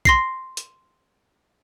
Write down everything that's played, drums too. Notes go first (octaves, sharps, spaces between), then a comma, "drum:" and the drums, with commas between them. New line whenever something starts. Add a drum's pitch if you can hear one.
C6 A#6 C7, drum: kick
drum: hi-hat